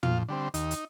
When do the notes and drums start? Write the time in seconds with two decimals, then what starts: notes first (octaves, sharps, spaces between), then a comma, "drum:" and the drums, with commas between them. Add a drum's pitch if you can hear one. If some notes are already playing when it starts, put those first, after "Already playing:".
0.03 F2 F4, drum: tom
0.28 D3 G3 C4
0.54 D#2 D#4, drum: hi-hat
0.71 drum: hi-hat